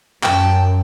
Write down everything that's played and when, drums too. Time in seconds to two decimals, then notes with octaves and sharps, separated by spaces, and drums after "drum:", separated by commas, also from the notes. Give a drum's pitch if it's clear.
0.23 F#2 G5 A5, drum: clap